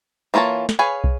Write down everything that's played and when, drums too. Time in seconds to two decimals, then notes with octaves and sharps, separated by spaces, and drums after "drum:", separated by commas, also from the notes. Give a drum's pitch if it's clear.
0.34 E3 A#3 F4 C#5 A5
0.69 drum: snare
0.79 G#4 B4 C#5 F5 G#5
1.04 drum: kick